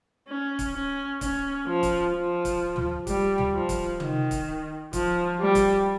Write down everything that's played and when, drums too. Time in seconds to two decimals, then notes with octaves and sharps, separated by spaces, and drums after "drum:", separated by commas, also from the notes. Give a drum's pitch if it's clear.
0.28 C#4
0.59 drum: kick C#1, hi-hat
0.74 C#4
1.21 C#4, drum: kick C#1, hi-hat
1.67 F3
1.83 drum: kick C#1, hi-hat
2.14 F3
2.45 drum: kick C#1, hi-hat
2.76 drum: tom
3.07 G3, drum: kick C#1, hi-hat
3.38 drum: tom
3.54 F3
3.69 drum: kick C#1, hi-hat
4.00 D#3, drum: tom
4.31 drum: kick C#1, hi-hat
4.93 F3, drum: kick C#1, hi-hat
5.40 G3
5.55 drum: kick C#1, hi-hat